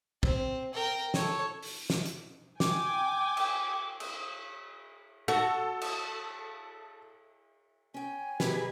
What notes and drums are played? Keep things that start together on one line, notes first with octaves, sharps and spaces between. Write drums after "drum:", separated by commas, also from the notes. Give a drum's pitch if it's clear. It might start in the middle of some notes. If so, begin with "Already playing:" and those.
C4, drum: kick
A#4 G5
A4 C#5, drum: snare
drum: open hi-hat
drum: snare
drum: hi-hat
G5 G#5 D6, drum: snare
drum: cymbal
drum: cymbal
F#4 A4
drum: cymbal
C#4 G5 G#5
B2 F#3 G4 G#4 B4, drum: snare